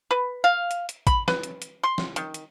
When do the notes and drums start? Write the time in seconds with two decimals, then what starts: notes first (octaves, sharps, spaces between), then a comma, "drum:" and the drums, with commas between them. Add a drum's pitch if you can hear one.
0.11 B4
0.44 F5
0.71 drum: hi-hat
0.89 drum: hi-hat
1.07 B5, drum: kick A1, hi-hat
1.28 B4, drum: snare
1.43 drum: hi-hat
1.62 drum: hi-hat
1.83 C6
1.98 drum: snare
2.16 D#3, drum: hi-hat
2.34 drum: hi-hat